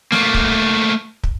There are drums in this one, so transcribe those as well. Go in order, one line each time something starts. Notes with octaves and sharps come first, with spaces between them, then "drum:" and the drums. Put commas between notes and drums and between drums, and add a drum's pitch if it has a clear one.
A3 A#3, drum: snare
drum: kick
drum: kick